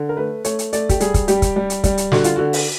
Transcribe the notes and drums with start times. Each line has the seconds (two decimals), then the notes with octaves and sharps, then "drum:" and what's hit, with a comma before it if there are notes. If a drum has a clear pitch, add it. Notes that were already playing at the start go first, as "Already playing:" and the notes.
Already playing: D3
0.09 A#4
0.17 A3 B4
0.44 A3 C#5, drum: hi-hat
0.59 drum: hi-hat
0.73 A3 D5, drum: hi-hat
0.89 G4, drum: kick, hi-hat
1.00 G3 G#4, drum: hi-hat
1.14 drum: kick, hi-hat
1.28 G3 G4, drum: hi-hat
1.42 drum: kick, hi-hat
1.56 G3
1.70 drum: hi-hat
1.84 G3, drum: kick, hi-hat
1.98 drum: hi-hat
2.12 D3 F#4, drum: snare
2.24 F4, drum: hi-hat
2.36 D3 F#4
2.53 drum: open hi-hat